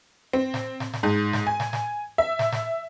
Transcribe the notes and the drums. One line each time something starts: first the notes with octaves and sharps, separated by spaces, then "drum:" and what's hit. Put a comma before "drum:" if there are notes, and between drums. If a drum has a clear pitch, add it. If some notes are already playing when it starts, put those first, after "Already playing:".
C4
drum: snare
drum: snare
drum: snare
G#2
drum: snare
G#5
drum: snare
drum: snare
E5
drum: snare
drum: snare